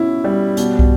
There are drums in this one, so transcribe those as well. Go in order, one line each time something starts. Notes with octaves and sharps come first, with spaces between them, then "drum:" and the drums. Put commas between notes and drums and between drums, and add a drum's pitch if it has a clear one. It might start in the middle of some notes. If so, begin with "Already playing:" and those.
Already playing: B2 C#4 E4
G3
B2, drum: hi-hat
drum: kick